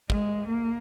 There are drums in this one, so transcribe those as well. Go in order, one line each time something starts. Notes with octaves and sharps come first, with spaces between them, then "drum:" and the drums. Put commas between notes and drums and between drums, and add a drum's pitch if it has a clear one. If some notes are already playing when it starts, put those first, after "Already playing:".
G#3, drum: kick
A#3